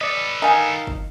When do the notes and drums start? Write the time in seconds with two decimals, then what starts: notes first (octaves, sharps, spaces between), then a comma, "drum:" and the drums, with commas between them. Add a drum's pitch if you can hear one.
0.01 A4 B4 D5 D#5
0.42 D#3 D#4 F5 G#5
0.87 drum: kick G1